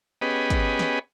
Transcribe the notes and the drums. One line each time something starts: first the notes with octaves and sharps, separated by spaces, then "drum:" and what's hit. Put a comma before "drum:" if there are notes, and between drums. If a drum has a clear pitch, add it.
B3 C#4 G4 G#4 B4 D#5
drum: kick, hi-hat
drum: snare